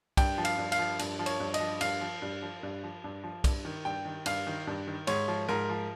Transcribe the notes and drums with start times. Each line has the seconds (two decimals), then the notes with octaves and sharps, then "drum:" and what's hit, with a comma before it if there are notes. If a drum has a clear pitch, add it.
0.17 G2 G5, drum: kick, cymbal
0.38 F3
0.45 F5, drum: cymbal
0.58 G2
0.72 F5, drum: cymbal
0.79 F3
0.99 G2, drum: cymbal
1.19 F3
1.26 C#5, drum: cymbal
1.40 G2
1.54 D#5, drum: cymbal
1.60 F3
1.81 G2 F5, drum: cymbal
2.01 F3
2.22 G2
2.42 F3
2.63 G2
2.83 F3
3.04 G2
3.24 F3
3.44 G2, drum: kick, cymbal
3.65 D#3
3.85 G2 G5
4.05 D#3
4.26 G2 F5, drum: cymbal
4.47 D#3
4.67 G2
4.87 D#3
5.07 G#2 C#5, drum: cymbal
5.28 F3
5.49 G#2 A#4
5.69 F3